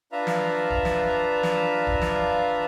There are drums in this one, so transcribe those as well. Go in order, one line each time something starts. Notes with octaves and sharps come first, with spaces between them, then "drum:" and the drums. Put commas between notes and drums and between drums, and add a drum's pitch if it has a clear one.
D4 F4 B4 E5 F5 A#5
drum: snare
drum: kick
drum: snare
drum: snare
drum: kick
drum: snare